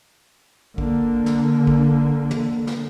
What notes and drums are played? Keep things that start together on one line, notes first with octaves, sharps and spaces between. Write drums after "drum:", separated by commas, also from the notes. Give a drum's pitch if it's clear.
D3 A#3, drum: kick
drum: snare
drum: kick
drum: tom
drum: snare